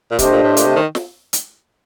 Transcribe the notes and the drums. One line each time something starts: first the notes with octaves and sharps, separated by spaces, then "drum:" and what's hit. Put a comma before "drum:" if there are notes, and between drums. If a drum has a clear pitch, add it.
A#2
C3 A3 D4 G4 C5 D#5, drum: kick, hi-hat
A#2
A2
A#2, drum: hi-hat
C3
D#3
drum: snare
drum: hi-hat